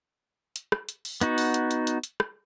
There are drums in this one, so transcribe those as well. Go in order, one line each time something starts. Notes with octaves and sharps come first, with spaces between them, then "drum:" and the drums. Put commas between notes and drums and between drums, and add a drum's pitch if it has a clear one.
drum: hi-hat
drum: rim click
drum: hi-hat
drum: open hi-hat
B3 D#4 F#4, drum: hi-hat
drum: open hi-hat
drum: hi-hat
drum: hi-hat
drum: hi-hat
drum: hi-hat
drum: rim click